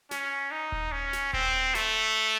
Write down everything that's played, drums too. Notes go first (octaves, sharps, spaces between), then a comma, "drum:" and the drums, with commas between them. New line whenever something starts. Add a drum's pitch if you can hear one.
C#4, drum: snare
D#4
drum: kick D#1
C#4
drum: snare
C4, drum: kick D#1
A3, drum: snare